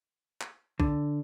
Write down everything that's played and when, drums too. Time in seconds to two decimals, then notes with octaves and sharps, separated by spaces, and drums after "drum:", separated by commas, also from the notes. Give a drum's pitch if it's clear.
0.41 drum: clap
0.80 D3, drum: kick A#1